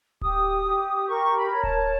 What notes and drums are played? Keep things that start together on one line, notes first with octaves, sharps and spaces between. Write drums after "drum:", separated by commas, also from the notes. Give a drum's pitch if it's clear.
G4 D#6, drum: kick D1
G4
A#4 C#6
B5
C#5
A5, drum: kick D1